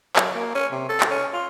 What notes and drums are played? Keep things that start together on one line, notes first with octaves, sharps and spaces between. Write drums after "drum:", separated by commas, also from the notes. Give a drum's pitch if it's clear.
F#3, drum: clap
A#3
C#4
C3
A4
drum: clap
C#4
F4